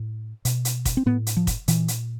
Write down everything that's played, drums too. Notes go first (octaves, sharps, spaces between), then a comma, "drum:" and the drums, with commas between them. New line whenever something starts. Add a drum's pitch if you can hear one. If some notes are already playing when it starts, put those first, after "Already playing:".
Already playing: A2
B2, drum: hi-hat
drum: hi-hat
drum: kick, hi-hat
C4
A2 B3
drum: hi-hat
F3
drum: kick, hi-hat
A#2 E3, drum: hi-hat
drum: hi-hat